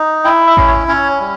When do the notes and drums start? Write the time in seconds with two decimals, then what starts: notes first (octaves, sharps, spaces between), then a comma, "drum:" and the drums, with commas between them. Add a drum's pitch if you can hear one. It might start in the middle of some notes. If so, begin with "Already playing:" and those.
Already playing: D#4
0.25 E4 G5
0.47 E5
0.57 C#4, drum: kick A1
0.68 C#5
0.88 C#4 C#5
1.20 G3